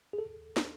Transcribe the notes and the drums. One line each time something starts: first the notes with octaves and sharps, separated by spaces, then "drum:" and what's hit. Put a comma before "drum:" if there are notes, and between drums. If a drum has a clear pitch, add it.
G#4
A4
drum: snare